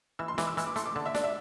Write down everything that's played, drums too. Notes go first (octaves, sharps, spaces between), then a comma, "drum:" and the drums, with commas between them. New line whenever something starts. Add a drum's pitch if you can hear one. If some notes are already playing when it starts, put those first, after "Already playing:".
E3 E6
C6
E3 D6, drum: snare
E6
E3 E6, drum: hi-hat
D6
A3 C6, drum: hi-hat
D6
D3 A5
E5
D4 D5, drum: snare
E5